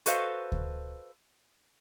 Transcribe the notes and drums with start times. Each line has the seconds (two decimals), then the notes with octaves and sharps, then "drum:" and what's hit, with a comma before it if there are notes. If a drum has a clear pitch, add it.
0.06 F#4 A4 B4 C5 D#5 F5, drum: hi-hat
0.52 drum: kick D2